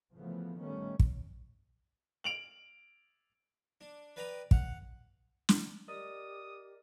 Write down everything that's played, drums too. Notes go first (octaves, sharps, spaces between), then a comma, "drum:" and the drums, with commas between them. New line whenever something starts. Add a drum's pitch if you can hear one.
C#3 E3 F3 A3 B3
D#3 G3 A3 B3 C#4
drum: kick
D7 F7 F#7
D4
B4 D5 D#5 G5 A#5 B5
F5 F#5, drum: kick
drum: snare
G4 A#4 D5 D#5 D#6